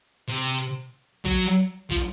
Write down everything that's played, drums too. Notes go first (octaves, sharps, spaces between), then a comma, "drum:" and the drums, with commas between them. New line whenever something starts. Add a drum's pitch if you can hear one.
C3
F#3, drum: kick
F3, drum: kick